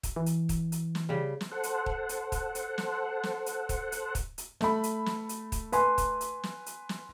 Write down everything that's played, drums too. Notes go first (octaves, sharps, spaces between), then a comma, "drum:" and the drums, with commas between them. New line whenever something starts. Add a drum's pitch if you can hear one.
drum: kick, hi-hat
E3
drum: hi-hat
drum: kick, hi-hat
drum: hi-hat
drum: snare
C#3 G3
drum: snare
A4 C5 F#5
drum: hi-hat
drum: kick
drum: hi-hat
drum: kick, hi-hat
drum: hi-hat
drum: snare
drum: snare
drum: hi-hat
drum: kick, hi-hat
drum: hi-hat
drum: kick, hi-hat
drum: hi-hat
A3 B5, drum: snare
drum: hi-hat
drum: snare
drum: hi-hat
drum: kick, hi-hat
B4 G#5 C6, drum: hi-hat
drum: kick, hi-hat
drum: hi-hat
drum: snare
drum: hi-hat
drum: snare